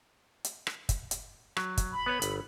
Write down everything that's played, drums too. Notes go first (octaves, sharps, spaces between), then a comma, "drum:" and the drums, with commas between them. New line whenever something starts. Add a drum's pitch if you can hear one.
drum: hi-hat
drum: rim click
drum: kick, hi-hat
drum: hi-hat
F#3, drum: rim click
drum: kick, hi-hat
B5
B3 B4 C#5
G1, drum: hi-hat